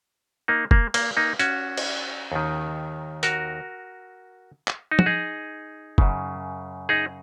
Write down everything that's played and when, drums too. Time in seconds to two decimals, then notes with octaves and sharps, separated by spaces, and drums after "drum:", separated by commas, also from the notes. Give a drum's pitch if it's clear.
0.48 A#3 D#4
0.71 A#3, drum: kick
0.94 A#3, drum: cymbal
1.17 A#3 D#4
1.39 C#4 F#4, drum: hi-hat
1.77 drum: cymbal
2.32 D#2 D#3
3.23 F#4 A#4, drum: hi-hat
4.68 drum: clap
4.91 D#4
4.99 F#4, drum: tom
5.06 D#4 G#4
5.98 F#2 C#3, drum: kick
6.89 D#4 G#4